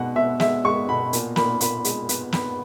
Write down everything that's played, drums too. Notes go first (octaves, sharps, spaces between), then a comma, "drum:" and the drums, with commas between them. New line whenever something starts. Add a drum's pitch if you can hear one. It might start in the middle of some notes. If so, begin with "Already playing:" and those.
Already playing: B2 G#3 F#5
B2 E5
G#3 E5, drum: snare
G#3 C#6
B2 B5
A#2, drum: hi-hat
A#2 B5, drum: snare
A#2 B5, drum: hi-hat
G#3, drum: hi-hat
B3, drum: hi-hat
B3 B5, drum: snare